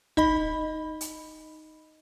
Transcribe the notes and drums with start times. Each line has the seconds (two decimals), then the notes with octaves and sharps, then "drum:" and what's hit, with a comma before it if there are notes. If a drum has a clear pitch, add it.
0.17 D#4 D#5 B5, drum: kick
1.01 drum: hi-hat